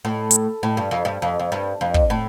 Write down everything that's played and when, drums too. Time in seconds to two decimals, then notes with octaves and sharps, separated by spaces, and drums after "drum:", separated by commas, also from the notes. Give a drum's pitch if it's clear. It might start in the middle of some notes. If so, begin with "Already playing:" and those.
0.05 A2
0.31 drum: hi-hat
0.63 A2
0.77 G2
0.91 F2
1.05 G2
1.22 F2
1.39 F2
1.52 G2
1.81 F2
1.94 drum: kick
2.10 A2